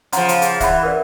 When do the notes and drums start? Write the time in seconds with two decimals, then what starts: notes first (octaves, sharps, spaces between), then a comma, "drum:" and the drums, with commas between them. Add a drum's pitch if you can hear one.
0.12 C#3 F3 F#5 A#5 C6, drum: hi-hat
0.28 drum: hi-hat
0.42 G#4, drum: hi-hat
0.60 E3 E5 F#5 B5, drum: kick C#1, hi-hat
0.83 A#4 B4 D5